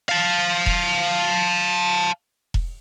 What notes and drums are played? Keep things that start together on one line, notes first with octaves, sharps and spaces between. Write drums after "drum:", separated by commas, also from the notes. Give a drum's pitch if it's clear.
F5 A5
drum: kick E1
drum: kick E1